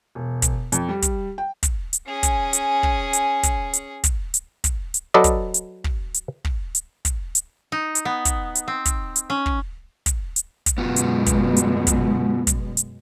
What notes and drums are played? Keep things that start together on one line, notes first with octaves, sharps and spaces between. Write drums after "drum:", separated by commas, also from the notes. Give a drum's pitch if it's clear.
E1
drum: kick, hi-hat
F2, drum: hi-hat
G3
drum: kick, hi-hat
G5
drum: kick, hi-hat
drum: hi-hat
C#4 G#4
drum: kick, hi-hat
drum: hi-hat
drum: kick
drum: hi-hat
drum: kick, hi-hat
drum: hi-hat
drum: kick, hi-hat
drum: hi-hat
drum: kick, hi-hat
drum: hi-hat
F#3 A4 B4 D5 D#5
drum: kick, hi-hat
drum: hi-hat
drum: kick
drum: hi-hat
drum: kick
drum: hi-hat
drum: kick, hi-hat
drum: hi-hat
D#4
drum: hi-hat
B3
drum: kick, hi-hat
drum: hi-hat
C4
drum: kick, hi-hat
drum: hi-hat
C#4
drum: kick
drum: kick, hi-hat
drum: hi-hat
drum: kick, hi-hat
F#2 B2 G#3 B3 F4 F#4
drum: hi-hat
drum: kick, hi-hat
drum: hi-hat
drum: kick, hi-hat
drum: kick, hi-hat
drum: hi-hat